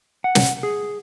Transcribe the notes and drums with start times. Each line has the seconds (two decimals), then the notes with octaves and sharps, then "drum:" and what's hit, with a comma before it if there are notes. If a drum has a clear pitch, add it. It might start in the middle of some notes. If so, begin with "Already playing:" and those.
0.24 F#5
0.35 drum: snare
0.63 G#4